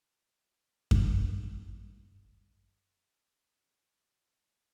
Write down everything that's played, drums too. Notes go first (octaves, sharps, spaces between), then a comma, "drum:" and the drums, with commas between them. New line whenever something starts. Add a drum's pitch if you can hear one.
D2
G#5
A#3 A4
drum: kick F#2
A6
C5
D5